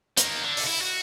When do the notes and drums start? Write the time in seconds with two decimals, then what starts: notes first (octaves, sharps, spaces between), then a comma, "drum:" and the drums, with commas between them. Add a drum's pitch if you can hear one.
0.17 D#3 A#3, drum: hi-hat
0.43 D3
0.57 drum: open hi-hat
0.67 E4
0.81 F#4